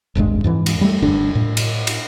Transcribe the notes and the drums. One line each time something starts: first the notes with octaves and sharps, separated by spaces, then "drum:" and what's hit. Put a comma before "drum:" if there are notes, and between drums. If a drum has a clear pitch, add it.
D#1 G#1 G2 G#3
F2 G#2 E3
drum: cymbal
G3 A3
F1 G2 D3 D4
A2
drum: cymbal
drum: cymbal